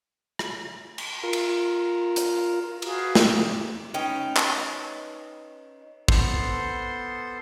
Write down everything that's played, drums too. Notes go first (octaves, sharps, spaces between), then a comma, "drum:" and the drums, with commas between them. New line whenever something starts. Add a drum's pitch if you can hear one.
drum: rim click
drum: cymbal
F4 A#4
drum: cymbal
drum: hi-hat
F#4 G#4 B4 F5, drum: cymbal
G4, drum: snare
C#4 D#4 B4 G5
drum: clap
B3 A4 C5 C6, drum: kick